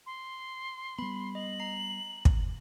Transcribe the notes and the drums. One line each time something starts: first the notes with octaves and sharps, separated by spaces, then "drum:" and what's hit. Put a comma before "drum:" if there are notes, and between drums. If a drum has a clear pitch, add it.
C6
G3 B3 B5
D#5 F#7
A#5 C7
drum: kick